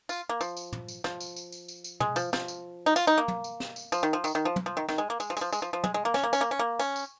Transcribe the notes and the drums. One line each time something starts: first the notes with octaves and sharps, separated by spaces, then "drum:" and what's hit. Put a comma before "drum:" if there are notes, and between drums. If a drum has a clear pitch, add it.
F4, drum: tambourine
A#3
F3, drum: tambourine
drum: tambourine
drum: tom
drum: tambourine
F3, drum: snare
drum: tambourine
drum: tambourine
drum: tambourine
drum: tambourine
drum: tambourine
G#3, drum: tom
F3, drum: tambourine
F3, drum: snare
drum: tambourine
D#4
F4, drum: tambourine
D#4
A#3
drum: tom
drum: tambourine
drum: snare
drum: tambourine
F3, drum: tambourine
D#3
F3
D#3, drum: tambourine
D#3
F3
drum: tom
F3
D#3
D#3, drum: snare
G#3
A#3
G#3, drum: tambourine
F3
G#3, drum: tambourine
F3
G#3, drum: tambourine
F3
F3
G#3, drum: tom
G#3
A#3
C#4, drum: snare
A#3
C#4, drum: tambourine
A#3
C#4
A#3
C#4, drum: tambourine
drum: tambourine